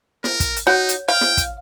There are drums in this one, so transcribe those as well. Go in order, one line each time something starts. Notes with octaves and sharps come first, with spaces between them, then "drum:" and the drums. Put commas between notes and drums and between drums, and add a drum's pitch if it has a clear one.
A#4, drum: snare
drum: kick, hi-hat
drum: hi-hat
D#4 F#4 C#5
drum: hi-hat
F5 G5
drum: snare
drum: kick, hi-hat